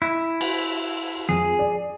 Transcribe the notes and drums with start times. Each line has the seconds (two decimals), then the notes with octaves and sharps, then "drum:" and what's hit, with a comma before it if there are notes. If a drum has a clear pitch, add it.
0.02 E4
0.41 drum: cymbal
1.29 F2 G#4
1.59 D5